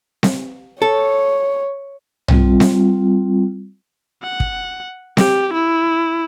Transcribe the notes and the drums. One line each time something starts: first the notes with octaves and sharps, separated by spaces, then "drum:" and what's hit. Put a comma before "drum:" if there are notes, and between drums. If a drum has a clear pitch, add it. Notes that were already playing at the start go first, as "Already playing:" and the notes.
drum: snare C4
A4 C#5
G3 C4 F4, drum: tom
drum: snare C4
F#5
drum: kick
G4, drum: snare C4
E4